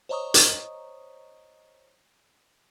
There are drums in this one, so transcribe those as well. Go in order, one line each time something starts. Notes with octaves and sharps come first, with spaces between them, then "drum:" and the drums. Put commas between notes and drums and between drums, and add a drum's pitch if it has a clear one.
C5 C#5 D#5 A#5 C#6 D#6
drum: hi-hat